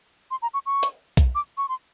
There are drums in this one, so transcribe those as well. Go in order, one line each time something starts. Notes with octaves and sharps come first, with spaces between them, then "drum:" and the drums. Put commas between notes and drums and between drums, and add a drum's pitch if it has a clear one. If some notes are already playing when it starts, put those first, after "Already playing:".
C6
A#5
C#6
C#6
drum: hi-hat
drum: kick B1, hi-hat
D6
C#6
C6